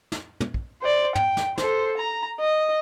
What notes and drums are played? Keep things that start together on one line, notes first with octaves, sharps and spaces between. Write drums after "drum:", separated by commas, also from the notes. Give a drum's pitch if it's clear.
drum: snare
drum: tom
drum: kick
C5 D5
G5, drum: tom
drum: snare
A4 C5, drum: snare
A#5
D#5